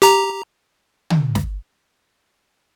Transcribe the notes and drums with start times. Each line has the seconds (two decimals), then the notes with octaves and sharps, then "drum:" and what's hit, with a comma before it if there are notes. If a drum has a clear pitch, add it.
0.02 G4 A#5, drum: hi-hat
1.10 drum: tom
1.35 drum: snare